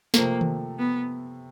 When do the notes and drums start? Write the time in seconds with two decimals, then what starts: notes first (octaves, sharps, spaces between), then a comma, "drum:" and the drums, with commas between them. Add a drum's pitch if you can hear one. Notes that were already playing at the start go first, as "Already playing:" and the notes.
0.14 C3 F3 A3 A#3, drum: snare
0.41 drum: tom D#3
0.79 B3